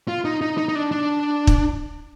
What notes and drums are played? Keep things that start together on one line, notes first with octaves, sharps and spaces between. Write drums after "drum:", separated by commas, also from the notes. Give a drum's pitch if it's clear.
F4
D#4
D#4
D#4
D#4
D4
D4
drum: kick